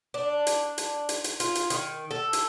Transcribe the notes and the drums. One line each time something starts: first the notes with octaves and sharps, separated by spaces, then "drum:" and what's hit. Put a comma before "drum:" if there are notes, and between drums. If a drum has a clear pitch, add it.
D4
drum: hi-hat
drum: hi-hat
drum: hi-hat
drum: hi-hat
F4, drum: hi-hat
drum: hi-hat
D#3, drum: hi-hat
A4
drum: hi-hat